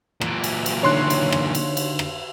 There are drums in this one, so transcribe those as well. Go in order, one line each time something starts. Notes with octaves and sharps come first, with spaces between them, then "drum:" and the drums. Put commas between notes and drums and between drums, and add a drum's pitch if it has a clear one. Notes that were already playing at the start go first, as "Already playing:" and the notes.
A#2 E3, drum: rim click
drum: cymbal
drum: cymbal
D3 D4 D#4 C#5 C6 F#6
drum: cymbal
drum: rim click
drum: cymbal
drum: cymbal
drum: rim click